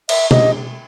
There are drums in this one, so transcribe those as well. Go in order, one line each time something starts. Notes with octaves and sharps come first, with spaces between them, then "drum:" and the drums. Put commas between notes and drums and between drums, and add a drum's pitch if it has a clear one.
E5, drum: cymbal
D#5, drum: tom B2